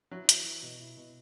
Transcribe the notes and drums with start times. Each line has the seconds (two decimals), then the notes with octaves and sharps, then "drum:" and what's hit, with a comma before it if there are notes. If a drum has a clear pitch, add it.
0.11 F#3 E4
0.29 E3, drum: hi-hat
0.46 E3
0.63 B2
0.80 E4
0.97 B2